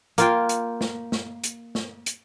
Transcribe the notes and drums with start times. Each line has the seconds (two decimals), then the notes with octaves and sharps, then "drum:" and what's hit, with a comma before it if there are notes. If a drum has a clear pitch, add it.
0.18 A#3 F4 G5, drum: hi-hat
0.49 drum: hi-hat
0.81 drum: snare
1.12 drum: snare
1.44 drum: hi-hat
1.75 drum: snare
2.06 drum: hi-hat